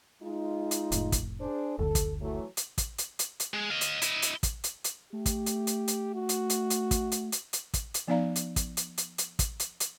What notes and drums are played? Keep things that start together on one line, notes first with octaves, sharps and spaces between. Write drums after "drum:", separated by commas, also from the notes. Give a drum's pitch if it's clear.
G#3 D#4 F4
drum: hi-hat
F1 A2, drum: hi-hat
drum: kick, hi-hat
D4 G#4 C5
F#1 D2 D3 A4
drum: kick, hi-hat
E3 F#3 A3
drum: hi-hat
drum: kick, hi-hat
drum: hi-hat
drum: hi-hat
drum: hi-hat
G#3
D#5 F5
drum: hi-hat
E4 D#5, drum: hi-hat
drum: hi-hat
drum: kick, hi-hat
drum: hi-hat
drum: hi-hat
A3 G4
drum: kick, hi-hat
drum: hi-hat
drum: hi-hat
drum: hi-hat
F#4
drum: hi-hat
drum: hi-hat
drum: hi-hat
drum: kick, hi-hat
drum: hi-hat
drum: hi-hat
drum: hi-hat
drum: kick, hi-hat
drum: hi-hat
F3 B3 D#4 D5 F5 A#5
drum: hi-hat
drum: kick, hi-hat
drum: hi-hat
drum: hi-hat
drum: hi-hat
drum: kick, hi-hat
drum: hi-hat
drum: hi-hat